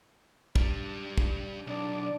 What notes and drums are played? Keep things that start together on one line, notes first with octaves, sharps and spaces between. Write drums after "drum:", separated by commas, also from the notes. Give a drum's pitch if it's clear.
G3 D4, drum: kick
drum: kick
B1 D4 D5